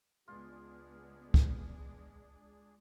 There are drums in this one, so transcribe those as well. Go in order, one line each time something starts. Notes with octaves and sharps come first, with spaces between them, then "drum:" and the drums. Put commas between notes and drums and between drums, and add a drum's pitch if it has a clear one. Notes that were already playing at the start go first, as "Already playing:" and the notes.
C#2 G#3 B3 D4 F4 G#4
drum: kick